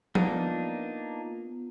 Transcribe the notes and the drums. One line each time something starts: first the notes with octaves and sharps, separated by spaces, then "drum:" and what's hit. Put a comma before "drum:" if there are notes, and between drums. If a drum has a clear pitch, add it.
A#3 B3 D4 D#4 F4, drum: tom F3